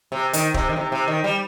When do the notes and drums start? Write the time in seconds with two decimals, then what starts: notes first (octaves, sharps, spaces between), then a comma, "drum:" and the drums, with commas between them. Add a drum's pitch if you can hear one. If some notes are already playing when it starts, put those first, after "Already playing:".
0.12 C3
0.33 D#3, drum: hi-hat
0.54 C3, drum: kick
0.69 D#3
0.76 C3
0.92 C3
1.08 D#3
1.24 G3